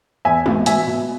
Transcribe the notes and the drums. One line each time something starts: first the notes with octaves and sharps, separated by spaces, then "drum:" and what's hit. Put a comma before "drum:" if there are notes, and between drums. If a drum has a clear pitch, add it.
E2 E5 G#5
B2, drum: tom G#3
B2 E5 G#5, drum: hi-hat
B2